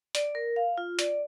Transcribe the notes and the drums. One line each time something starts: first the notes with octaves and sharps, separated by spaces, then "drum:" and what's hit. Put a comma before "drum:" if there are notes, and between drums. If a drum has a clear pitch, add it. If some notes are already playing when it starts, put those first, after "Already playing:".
D5, drum: hi-hat
A#4
F5
F4
D5, drum: hi-hat